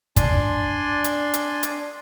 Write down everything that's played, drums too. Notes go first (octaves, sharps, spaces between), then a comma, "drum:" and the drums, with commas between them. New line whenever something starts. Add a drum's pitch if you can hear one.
D4 D5 G#5 C6, drum: kick, hi-hat
drum: hi-hat
drum: hi-hat
drum: hi-hat